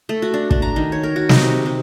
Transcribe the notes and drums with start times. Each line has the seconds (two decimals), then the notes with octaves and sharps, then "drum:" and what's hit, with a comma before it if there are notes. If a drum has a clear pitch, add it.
0.09 A3
0.22 F#4
0.34 D4
0.51 D4, drum: kick
0.62 A#5
0.76 D#3
0.92 C#5
1.03 A#4
1.16 F#4
1.29 D#4, drum: snare
1.42 C3
1.66 C3